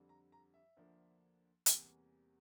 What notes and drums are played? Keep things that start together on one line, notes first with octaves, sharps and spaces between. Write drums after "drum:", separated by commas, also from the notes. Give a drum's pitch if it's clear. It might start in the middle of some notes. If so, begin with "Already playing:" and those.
Already playing: F2 D3 G3
A#5
A#5
E5
D2 D3 F3 A#3 D4
E2 C3 E3 G3 A#3, drum: hi-hat